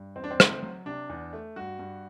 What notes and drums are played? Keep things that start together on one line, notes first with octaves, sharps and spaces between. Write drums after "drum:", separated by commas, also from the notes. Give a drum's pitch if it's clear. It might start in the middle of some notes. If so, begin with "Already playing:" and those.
Already playing: G2
E2 C4
D4
C4
A3, drum: rim click
F#3
C3 D4
E2
A3
G2 F#4
G2